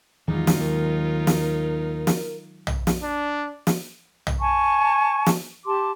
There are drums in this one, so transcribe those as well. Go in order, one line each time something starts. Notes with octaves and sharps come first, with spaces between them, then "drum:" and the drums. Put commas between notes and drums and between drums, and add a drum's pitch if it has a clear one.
E2 D#3 F#3 G#3 D#4 F4
drum: snare
D#2 A#4
drum: snare
drum: snare
drum: tom
drum: snare
D4
drum: snare
drum: tom
G#5 A5 C#6
drum: snare
G4 A5 C6 D6